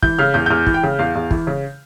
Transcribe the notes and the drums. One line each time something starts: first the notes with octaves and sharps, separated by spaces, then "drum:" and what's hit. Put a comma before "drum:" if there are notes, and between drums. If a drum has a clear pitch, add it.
E3 G6, drum: kick
C#3 F6
E2 G6
G6
E2 F6
E3, drum: kick
G5
C#3
E2 F5
E2
E3, drum: kick
C#3